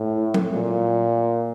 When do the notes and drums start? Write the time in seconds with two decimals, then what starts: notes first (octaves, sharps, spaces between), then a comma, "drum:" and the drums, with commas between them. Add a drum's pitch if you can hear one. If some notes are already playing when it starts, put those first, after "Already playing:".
Already playing: A2
0.34 drum: tom
0.54 A#2